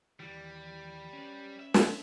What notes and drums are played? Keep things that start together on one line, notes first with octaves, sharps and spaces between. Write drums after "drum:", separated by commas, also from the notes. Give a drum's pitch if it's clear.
D#2 E3 G3
C#4 B4
E5
drum: snare